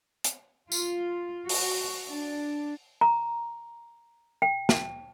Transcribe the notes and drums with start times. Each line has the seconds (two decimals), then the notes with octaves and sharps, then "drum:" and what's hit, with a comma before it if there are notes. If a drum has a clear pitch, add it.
0.24 drum: hi-hat
0.72 F4, drum: tambourine
1.49 F#4, drum: open hi-hat
2.08 D4
3.01 A#5
4.42 G5
4.69 A5, drum: snare